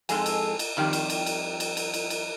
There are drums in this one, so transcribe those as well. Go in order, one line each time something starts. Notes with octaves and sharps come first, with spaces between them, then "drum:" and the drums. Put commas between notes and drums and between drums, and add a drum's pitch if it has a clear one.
F2 G#2 G#3 A4 G#5, drum: cymbal
drum: cymbal
drum: cymbal
F2 D#3 G3 G4
drum: cymbal
drum: cymbal
drum: cymbal
drum: cymbal
drum: cymbal
drum: cymbal
drum: cymbal